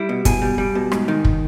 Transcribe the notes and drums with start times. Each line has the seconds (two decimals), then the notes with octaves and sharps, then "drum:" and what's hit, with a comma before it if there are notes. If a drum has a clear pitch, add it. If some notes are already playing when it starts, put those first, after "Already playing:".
Already playing: G3 E4
0.09 B2
0.25 B2 G#4, drum: kick, hi-hat
0.42 G3
0.58 G3
0.75 B2
0.92 G#2, drum: rim click
1.08 D#3
1.25 drum: kick